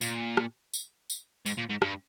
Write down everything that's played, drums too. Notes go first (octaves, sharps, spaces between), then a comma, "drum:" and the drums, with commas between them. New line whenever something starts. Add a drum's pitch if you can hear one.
A#2, drum: tambourine
drum: rim click
drum: tambourine
drum: tambourine
G#2, drum: tambourine
A#2
G#2
G2, drum: rim click